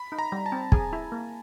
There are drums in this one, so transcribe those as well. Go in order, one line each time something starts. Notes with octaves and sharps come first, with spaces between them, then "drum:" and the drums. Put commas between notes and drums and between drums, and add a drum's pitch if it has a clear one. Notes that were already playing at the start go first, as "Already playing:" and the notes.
Already playing: B5
D#4
A#5
G3
A5
C4
G#4 G#5, drum: kick
E4
A#3